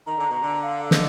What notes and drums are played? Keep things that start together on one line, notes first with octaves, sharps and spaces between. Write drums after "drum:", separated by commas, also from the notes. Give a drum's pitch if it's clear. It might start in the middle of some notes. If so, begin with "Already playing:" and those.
D#3 A#5
D3
B2 A#5
D3
F5
F5
D#5, drum: snare